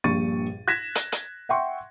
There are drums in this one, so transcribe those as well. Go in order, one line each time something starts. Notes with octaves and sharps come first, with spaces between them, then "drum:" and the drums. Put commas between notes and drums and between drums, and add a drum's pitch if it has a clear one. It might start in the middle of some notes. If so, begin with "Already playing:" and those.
A#1 G2 A#2 C#6 A6 D#7
F#6 G#6 A#6 B6 E7
drum: hi-hat
drum: hi-hat
E5 F#5 G5 C6 C#6